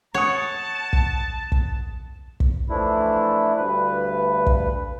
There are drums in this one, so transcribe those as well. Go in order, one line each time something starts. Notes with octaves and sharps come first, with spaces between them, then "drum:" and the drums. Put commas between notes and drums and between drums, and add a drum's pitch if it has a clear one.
C#5 F#5 A5 D#6
drum: kick
drum: kick
drum: kick
E3 F3 A3 D4 E4
D2 G2 B4
drum: kick